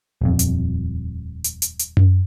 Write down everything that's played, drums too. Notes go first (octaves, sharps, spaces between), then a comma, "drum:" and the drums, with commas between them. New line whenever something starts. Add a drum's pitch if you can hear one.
D#1 F2
drum: hi-hat
drum: hi-hat
drum: hi-hat
drum: hi-hat
drum: tom F#2